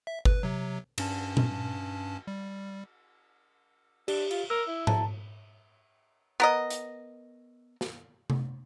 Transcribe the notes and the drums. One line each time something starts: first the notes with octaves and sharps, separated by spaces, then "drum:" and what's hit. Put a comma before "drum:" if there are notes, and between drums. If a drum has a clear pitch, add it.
E5
B4, drum: kick G1
C3 F#3
G2 C#4 A5, drum: cymbal
drum: tom A#2
G3
D4 G4, drum: cymbal
F4, drum: cymbal
A#4 E6
E4
A5 A#5, drum: tom G#2
B3 A#4 D#5
drum: hi-hat
drum: snare
drum: tom C3